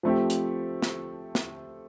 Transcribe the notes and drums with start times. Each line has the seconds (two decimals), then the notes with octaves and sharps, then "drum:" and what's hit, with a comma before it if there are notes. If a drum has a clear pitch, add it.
0.03 F3 A3 C4 G4
0.30 drum: hi-hat
0.82 drum: snare
1.35 drum: snare